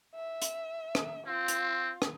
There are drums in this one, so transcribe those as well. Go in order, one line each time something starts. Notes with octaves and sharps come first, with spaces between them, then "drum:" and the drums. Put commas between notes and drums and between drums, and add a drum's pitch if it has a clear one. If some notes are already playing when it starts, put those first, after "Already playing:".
E5
drum: hi-hat
drum: rim click
C4 F4
drum: hi-hat
drum: rim click